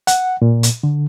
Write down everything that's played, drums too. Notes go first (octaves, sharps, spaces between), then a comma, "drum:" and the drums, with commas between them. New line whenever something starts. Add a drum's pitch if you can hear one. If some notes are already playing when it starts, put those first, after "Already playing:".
F#5, drum: hi-hat
A#2
drum: hi-hat
D3